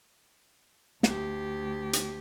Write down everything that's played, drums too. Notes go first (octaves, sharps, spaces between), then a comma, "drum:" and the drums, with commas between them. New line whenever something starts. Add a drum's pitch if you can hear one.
D2 G4, drum: snare
drum: hi-hat